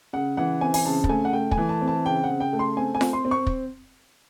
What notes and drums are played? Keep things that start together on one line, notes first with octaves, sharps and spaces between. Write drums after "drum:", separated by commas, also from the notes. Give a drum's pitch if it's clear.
C#3 F#5
E3 F#5
C4 G#5
G#5, drum: open hi-hat
C#3 A5
A5, drum: kick
A3 G#5
F#5
A3 G5
G#5, drum: kick
E3
A5
C4
A5
C#3 G5
F#5
C#3
G5
A3
C6
C4 G#5
G#5
C4, drum: snare F4
C6
C4
C#6
drum: kick